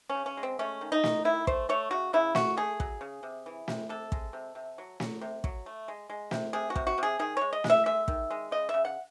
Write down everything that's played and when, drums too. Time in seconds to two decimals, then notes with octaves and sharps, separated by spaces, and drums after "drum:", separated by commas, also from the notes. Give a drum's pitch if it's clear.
0.10 C#4
0.15 C#3
0.26 C#4
0.37 G#3
0.43 C4
0.59 A3 C#4
0.81 D#3
0.92 D#4
1.04 D#3, drum: snare
1.25 D#3 E4
1.47 A3 C5, drum: kick
1.69 A3 C#5
1.91 C#3 F#4
2.13 C#3 E4
2.35 A3 F#4, drum: snare
2.57 A3 G#4
2.80 F#3, drum: kick
3.01 C#3
3.23 C3
3.46 E3
3.68 C3, drum: snare
3.89 C3 A4
4.12 G#3, drum: kick
4.33 C3
4.55 C3
4.78 F#3
5.00 F#3, drum: snare
5.21 C3
5.44 F#3, drum: kick
5.66 A3
5.88 G#3
6.10 G#3
6.31 C3, drum: snare
6.53 C3 G#4
6.70 F#4
6.76 C3, drum: kick
6.87 F#4
6.98 C3 G#4
7.19 D#3 G#4
7.37 G#3 C#5
7.53 D#5
7.64 G#3, drum: snare
7.70 E5
7.86 G#3 E5
8.08 D#3, drum: kick
8.31 G#3
8.51 C#3 D#5
8.69 E5
8.74 C#3
8.85 F#5